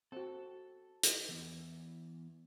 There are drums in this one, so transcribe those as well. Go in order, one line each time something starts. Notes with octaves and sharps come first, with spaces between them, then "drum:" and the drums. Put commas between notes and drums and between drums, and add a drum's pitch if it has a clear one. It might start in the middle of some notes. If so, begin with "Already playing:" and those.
C4 F#4 A4
drum: hi-hat
E3 B3 E4